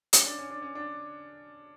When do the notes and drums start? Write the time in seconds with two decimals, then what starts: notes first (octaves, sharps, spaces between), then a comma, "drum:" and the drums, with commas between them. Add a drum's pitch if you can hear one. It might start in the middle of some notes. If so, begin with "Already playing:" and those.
0.13 C#4, drum: hi-hat
0.26 D4
0.39 C#4
0.50 D4
0.62 C#4
0.75 D4